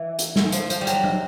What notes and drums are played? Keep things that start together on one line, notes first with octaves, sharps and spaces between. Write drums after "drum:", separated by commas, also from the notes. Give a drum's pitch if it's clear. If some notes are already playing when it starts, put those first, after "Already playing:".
Already playing: E3
drum: hi-hat
drum: snare
F3, drum: hi-hat
F3, drum: hi-hat
G3
F#3, drum: hi-hat
drum: tom F#3